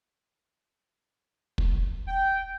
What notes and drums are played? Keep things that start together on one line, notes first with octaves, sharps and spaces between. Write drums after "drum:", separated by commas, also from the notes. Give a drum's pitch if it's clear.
drum: kick
G5